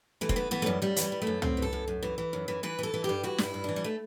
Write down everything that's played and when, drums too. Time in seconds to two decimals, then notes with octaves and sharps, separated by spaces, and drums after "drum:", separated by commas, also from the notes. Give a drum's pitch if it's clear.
0.21 E3 A3
0.29 C4, drum: kick
0.36 E3 B3
0.51 E3 B3
0.62 A3
0.66 F#2 G3
0.82 F#2 G3
0.96 E3, drum: hi-hat
1.02 G3
1.12 E3
1.22 A3
1.27 F#2
1.42 F#2 C4, drum: tom C#2
1.57 E3
1.62 A4
1.73 F#2
1.88 F#2
2.03 E3
2.18 E3
2.33 F#2
2.48 E3
2.63 E3 B4
2.79 E3 A4
2.94 E3
3.04 G4
3.09 G2
3.23 E3 F#4
3.38 G2 E4, drum: snare
3.54 G2
3.64 E3 D4
3.76 G3
3.84 A3